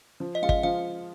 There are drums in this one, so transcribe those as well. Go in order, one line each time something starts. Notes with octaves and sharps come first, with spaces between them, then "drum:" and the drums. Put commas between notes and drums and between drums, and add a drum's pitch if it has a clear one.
F3
D#5
G#3 F4 F5
D#5, drum: kick
F3 F5